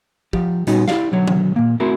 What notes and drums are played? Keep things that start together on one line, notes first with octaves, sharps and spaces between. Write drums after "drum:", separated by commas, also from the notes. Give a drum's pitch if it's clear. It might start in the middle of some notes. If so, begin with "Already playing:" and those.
F3 G4, drum: kick
A#2 G3 B3 C#4 D#4 F#4, drum: hi-hat
E4 G4 D5 F5, drum: snare
B1 D3 F#3 C#5
drum: tom D#3
A#2 A#3
A3 C4 E4 F#4 A#4